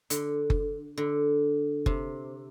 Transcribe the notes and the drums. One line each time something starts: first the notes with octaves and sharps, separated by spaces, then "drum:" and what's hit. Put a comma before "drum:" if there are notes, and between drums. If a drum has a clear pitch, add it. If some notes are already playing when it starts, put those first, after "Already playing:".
D3, drum: hi-hat
drum: kick F#1
D3
C3, drum: kick F#1